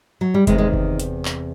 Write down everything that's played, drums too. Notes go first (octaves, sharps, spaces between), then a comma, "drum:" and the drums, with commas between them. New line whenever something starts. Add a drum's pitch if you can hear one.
F#3
G3
E2 C3 D#3 G#3, drum: kick F#1, hi-hat
G#3
drum: kick F#1
drum: hi-hat
drum: clap